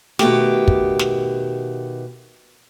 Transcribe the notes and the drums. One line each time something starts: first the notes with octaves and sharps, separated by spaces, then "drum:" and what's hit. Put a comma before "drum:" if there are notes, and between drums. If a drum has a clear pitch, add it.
B2 D#3 A3 G4, drum: snare
drum: kick
drum: snare